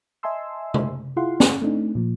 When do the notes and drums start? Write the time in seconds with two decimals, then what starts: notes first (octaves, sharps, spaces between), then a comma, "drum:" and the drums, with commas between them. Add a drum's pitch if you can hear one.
0.23 D#5 E5 G#5 A5 C6 E6
0.74 drum: tom C3
1.17 E4 F4 G#4 F5 F#5 C6
1.40 drum: snare
1.62 A3 C4 D4 D#4
1.95 A#2 F3